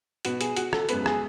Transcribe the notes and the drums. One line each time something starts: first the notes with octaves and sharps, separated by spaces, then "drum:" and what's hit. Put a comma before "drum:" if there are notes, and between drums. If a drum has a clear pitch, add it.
B2 F#3 B3 F#4, drum: hi-hat
G#4, drum: hi-hat
F#4, drum: hi-hat
A4, drum: rim click
F#2 C#3 G#3 B3 B4, drum: hi-hat
G#4, drum: rim click